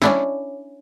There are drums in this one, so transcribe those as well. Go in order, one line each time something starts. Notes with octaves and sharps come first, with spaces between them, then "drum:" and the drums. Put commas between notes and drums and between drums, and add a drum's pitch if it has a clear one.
C#4 D4 E4, drum: snare